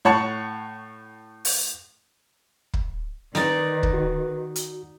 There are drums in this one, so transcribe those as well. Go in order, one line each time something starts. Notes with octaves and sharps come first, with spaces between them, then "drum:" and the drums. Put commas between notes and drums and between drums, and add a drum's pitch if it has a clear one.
A2 C#5 F#5 A5 C#6
drum: open hi-hat
drum: kick
D#3 D#4 B4 D5, drum: snare
drum: kick
F#4
drum: hi-hat